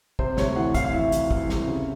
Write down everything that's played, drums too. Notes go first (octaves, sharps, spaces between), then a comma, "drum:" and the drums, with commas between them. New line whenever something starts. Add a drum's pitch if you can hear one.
C3 C5, drum: kick
D2 C#5, drum: snare
E3 F#5
E3 F5, drum: kick, hi-hat
F5
E3 E5, drum: kick
E3, drum: hi-hat
E3, drum: kick
C3, drum: snare
C#3